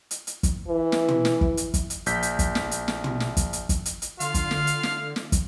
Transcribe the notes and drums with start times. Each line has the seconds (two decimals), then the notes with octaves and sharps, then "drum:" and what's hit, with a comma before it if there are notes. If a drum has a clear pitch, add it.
0.11 drum: hi-hat
0.27 drum: hi-hat
0.43 drum: kick, hi-hat
0.68 E3
0.92 drum: snare
1.08 drum: tom
1.25 drum: snare
1.41 drum: kick
1.57 drum: hi-hat
1.74 drum: kick, hi-hat
1.90 drum: hi-hat
2.06 A#1 G6 B6, drum: hi-hat
2.23 drum: hi-hat
2.39 drum: kick, hi-hat
2.55 drum: snare
2.71 drum: hi-hat
2.88 drum: snare
3.04 drum: tom
3.20 drum: snare
3.37 drum: kick, hi-hat
3.53 drum: hi-hat
3.69 drum: kick, hi-hat
3.86 drum: hi-hat
4.02 drum: hi-hat
4.20 D3 F4 F5, drum: hi-hat
4.34 drum: kick, hi-hat
4.51 drum: snare
4.67 drum: hi-hat
4.83 drum: snare
5.16 drum: snare
5.32 drum: kick, hi-hat